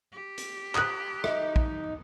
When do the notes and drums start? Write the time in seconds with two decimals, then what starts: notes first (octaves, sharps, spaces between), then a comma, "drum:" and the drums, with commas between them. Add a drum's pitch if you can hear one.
0.12 G4
0.38 drum: hi-hat
0.75 D#6 F#6, drum: clap
1.24 D#4 E5, drum: rim click
1.56 drum: kick